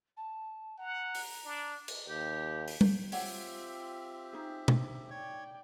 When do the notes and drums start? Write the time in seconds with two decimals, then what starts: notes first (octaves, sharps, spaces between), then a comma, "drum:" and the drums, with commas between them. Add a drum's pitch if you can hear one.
0.17 A5
0.79 F#5 A#5
1.15 drum: open hi-hat
1.45 D4
1.88 drum: cymbal
2.09 D#2 G4
2.68 drum: open hi-hat
2.81 drum: tom G3
3.12 C4 F4 G4 C#5 E5 F#5, drum: open hi-hat
4.33 D#4 G#4
4.68 drum: tom B2
5.10 C#5 D5 G5